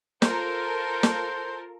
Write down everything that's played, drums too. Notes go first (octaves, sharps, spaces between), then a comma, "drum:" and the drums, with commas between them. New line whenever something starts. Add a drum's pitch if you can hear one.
F4 A4 A#4 C5, drum: snare
drum: snare